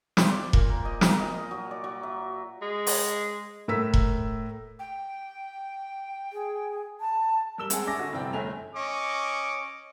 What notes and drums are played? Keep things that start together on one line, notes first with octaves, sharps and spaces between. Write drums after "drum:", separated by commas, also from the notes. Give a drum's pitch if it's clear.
C5, drum: snare
D5
A#2, drum: kick E1
A#4
D#5
A#4, drum: snare
D#5
F#3
D5
F#3
E5
G#3
drum: open hi-hat
A2 A#4 E6 B6
drum: kick E1
G5
G#4
A5
G3 A#4 E6 E7 G7
G#3 C4 G#4 F#5 A5, drum: hi-hat
C#4 D5 E5 A5 D6 A#6
D3 F#4 D#5
F1 G2 E3 C4 D5 G5
G1 A3 G#5 F7
C#4 D#5 C#6 D6